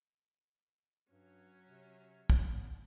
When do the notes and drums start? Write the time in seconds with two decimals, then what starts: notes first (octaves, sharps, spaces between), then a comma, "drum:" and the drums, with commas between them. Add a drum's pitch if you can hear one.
1.11 G2 F#3 C#4
1.67 C3
2.30 B3, drum: kick